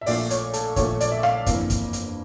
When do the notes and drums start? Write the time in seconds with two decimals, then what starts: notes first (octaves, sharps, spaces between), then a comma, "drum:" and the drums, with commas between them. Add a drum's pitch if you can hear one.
0.01 E5
0.06 A#1 A#2 A3 D5, drum: open hi-hat
0.30 C#5, drum: hi-hat
0.53 A4, drum: hi-hat
0.76 A#1 A#2 A3 C#5, drum: kick, hi-hat
1.00 D5, drum: hi-hat
1.11 E5
1.23 F5, drum: rim click
1.46 G1 F2 E3 A#3, drum: kick, hi-hat
1.70 drum: kick, hi-hat
1.93 drum: hi-hat